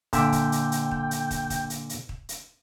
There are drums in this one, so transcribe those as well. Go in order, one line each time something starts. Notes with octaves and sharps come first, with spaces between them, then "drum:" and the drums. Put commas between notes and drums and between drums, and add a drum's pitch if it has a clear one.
A#2 D3 E5 G5, drum: kick, hi-hat
drum: kick, hi-hat
drum: hi-hat
drum: hi-hat
drum: kick
drum: hi-hat
drum: kick, hi-hat
drum: kick, hi-hat
drum: hi-hat
drum: hi-hat
drum: kick
drum: hi-hat